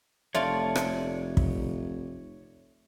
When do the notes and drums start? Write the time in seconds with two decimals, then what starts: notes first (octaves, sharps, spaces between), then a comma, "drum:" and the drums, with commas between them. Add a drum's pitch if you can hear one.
0.35 F1 A3 F4 C#5 D5
0.75 drum: rim click
1.37 drum: kick